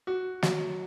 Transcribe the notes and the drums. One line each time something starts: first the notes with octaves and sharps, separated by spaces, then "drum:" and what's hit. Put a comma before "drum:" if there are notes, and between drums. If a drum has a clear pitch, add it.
F#4
F#3, drum: snare